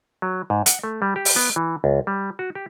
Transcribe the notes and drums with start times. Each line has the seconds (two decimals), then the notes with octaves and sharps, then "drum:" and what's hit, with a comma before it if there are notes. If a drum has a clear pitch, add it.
0.22 F#3
0.50 G#2
0.66 F#5, drum: hi-hat
0.83 A3
1.02 G3
1.16 G4
1.25 drum: open hi-hat
1.36 B3
1.56 E3
1.84 C#2
2.07 G3
2.39 F#4
2.55 G4